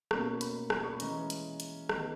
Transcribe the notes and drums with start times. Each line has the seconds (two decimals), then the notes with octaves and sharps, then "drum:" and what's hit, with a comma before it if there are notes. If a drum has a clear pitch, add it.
0.11 B2 A#3 C#4 C#6, drum: rim click
0.41 B5, drum: hi-hat
0.70 G#5, drum: rim click
0.83 C#6
0.93 B5
1.00 E3 G#3 C#4 A#5, drum: hi-hat
1.30 drum: hi-hat
1.60 drum: hi-hat
1.89 D#3 G#3 B3, drum: rim click